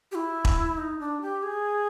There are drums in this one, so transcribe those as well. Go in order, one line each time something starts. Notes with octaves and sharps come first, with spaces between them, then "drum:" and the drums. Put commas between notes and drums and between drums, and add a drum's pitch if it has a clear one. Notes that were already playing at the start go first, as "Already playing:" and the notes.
G4
E4
drum: kick E1
D#4
D4
G4
G#4